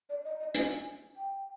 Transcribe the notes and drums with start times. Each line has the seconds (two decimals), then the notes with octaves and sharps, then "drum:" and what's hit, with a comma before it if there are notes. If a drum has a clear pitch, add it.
0.09 D5
0.25 D#5
0.40 D#5
0.55 G#5, drum: hi-hat
1.16 G5